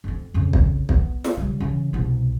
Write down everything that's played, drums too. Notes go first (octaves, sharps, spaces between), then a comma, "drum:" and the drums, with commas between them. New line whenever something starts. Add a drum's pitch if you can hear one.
F2 C4
F2 C#3
drum: kick
B3, drum: kick
drum: snare
C#3 G3
C#3 E3
C2 B2